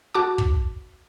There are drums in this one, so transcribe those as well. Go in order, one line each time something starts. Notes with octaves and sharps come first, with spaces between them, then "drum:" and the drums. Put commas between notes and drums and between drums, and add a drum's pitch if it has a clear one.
F#4 A5 D6
drum: kick